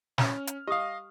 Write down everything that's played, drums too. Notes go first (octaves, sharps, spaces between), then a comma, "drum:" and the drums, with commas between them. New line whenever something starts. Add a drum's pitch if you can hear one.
C#4 F6, drum: snare
drum: hi-hat
G4 D#5 F5 D#6